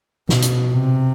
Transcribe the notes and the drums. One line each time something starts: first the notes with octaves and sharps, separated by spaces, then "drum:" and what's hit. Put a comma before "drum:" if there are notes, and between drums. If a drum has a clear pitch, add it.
B2, drum: snare
drum: hi-hat
C3